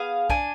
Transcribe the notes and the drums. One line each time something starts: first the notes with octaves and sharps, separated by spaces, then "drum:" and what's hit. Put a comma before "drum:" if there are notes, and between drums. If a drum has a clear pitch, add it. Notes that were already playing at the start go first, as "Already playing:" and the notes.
Already playing: B3 G#4 F5
D4 G#5, drum: kick B1